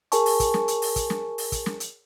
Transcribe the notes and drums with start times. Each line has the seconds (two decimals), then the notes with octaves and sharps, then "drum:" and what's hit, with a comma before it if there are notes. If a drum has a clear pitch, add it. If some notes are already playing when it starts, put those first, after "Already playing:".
0.12 G#4 A#4 C#5 G#5 A5 C#6, drum: hi-hat
0.26 drum: open hi-hat
0.40 drum: kick, hi-hat
0.54 drum: snare
0.68 drum: hi-hat
0.82 drum: open hi-hat
0.96 drum: kick, hi-hat
1.10 drum: snare
1.38 drum: open hi-hat
1.52 drum: kick, hi-hat
1.66 drum: snare
1.80 drum: hi-hat